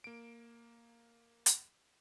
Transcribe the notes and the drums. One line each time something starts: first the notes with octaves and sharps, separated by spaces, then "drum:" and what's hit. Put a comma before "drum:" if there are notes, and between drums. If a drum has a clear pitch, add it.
A#3 D7
drum: hi-hat